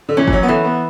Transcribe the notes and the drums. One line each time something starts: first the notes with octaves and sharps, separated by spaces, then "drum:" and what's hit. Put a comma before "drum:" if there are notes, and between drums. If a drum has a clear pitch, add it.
D3
E3 C#4
E3, drum: kick
F#3
B3
E3 A3
B3